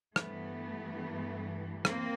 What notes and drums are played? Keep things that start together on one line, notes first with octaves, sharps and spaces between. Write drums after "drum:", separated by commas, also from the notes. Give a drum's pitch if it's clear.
G2 E3 A3 B3, drum: rim click
A#3 C4, drum: rim click